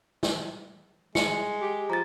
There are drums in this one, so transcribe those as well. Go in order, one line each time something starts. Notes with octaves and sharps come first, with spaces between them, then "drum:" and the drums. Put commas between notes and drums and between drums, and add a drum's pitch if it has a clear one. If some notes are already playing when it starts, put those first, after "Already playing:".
drum: snare
G#3 C#7, drum: snare
G4
F3 A#5 A6